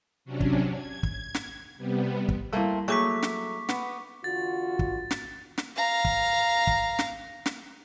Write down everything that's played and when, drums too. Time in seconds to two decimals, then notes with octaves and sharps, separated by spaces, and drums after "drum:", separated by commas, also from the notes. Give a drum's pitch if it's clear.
0.25 C3 F#3 C#4 D4
0.40 drum: kick
0.72 G#6
1.03 drum: kick
1.34 drum: snare
1.77 C3 G3 B3
2.29 drum: kick
2.53 G3 A3 A#3 C4 E4
2.88 F#3 A3 A#3 G#4 C#6 D6 B6
3.23 drum: snare
3.69 B3, drum: snare
4.24 E2 D3 F4 F#4 A6
4.79 drum: kick
5.11 drum: snare
5.58 drum: snare
5.76 F5 A#5
6.05 drum: kick
6.67 drum: kick
6.99 drum: snare
7.46 drum: snare